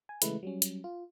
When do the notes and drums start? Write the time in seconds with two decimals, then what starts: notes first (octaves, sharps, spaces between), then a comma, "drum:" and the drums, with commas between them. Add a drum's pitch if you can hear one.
0.09 G#5
0.22 C#3 E3 G#3 A3 E4 B4, drum: hi-hat
0.43 F#3 G3 C#4
0.62 drum: hi-hat
0.84 F4